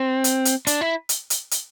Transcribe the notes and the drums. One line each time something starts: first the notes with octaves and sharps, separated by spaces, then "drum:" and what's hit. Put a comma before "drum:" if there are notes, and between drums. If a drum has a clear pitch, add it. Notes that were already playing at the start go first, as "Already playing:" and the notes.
Already playing: C4
drum: hi-hat
drum: hi-hat
D4, drum: hi-hat
E4
drum: hi-hat
drum: hi-hat
drum: hi-hat